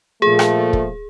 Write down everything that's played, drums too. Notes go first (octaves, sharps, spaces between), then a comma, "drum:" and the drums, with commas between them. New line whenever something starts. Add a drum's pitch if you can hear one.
A#2 F3 A3 G#4
drum: rim click
drum: kick